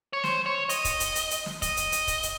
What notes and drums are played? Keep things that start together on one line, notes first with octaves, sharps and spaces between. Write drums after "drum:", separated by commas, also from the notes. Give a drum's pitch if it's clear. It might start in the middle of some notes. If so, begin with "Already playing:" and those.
C#5
C5, drum: snare
C#5
D#5, drum: hi-hat
drum: kick, hi-hat
drum: hi-hat
drum: hi-hat
drum: hi-hat
drum: snare
D#5, drum: kick, hi-hat
drum: hi-hat
drum: hi-hat
drum: kick, hi-hat
drum: hi-hat